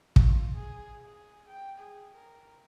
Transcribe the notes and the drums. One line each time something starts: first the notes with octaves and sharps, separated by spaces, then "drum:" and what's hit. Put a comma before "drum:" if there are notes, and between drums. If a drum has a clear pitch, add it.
F4, drum: kick
G#4
G#4
G5
G#4
A#4